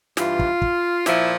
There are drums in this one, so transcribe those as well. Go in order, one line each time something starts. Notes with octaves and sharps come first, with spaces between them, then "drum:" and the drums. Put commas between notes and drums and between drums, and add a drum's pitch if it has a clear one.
G2 E3 F4, drum: snare
drum: kick
drum: kick
A#2 F3 E4, drum: snare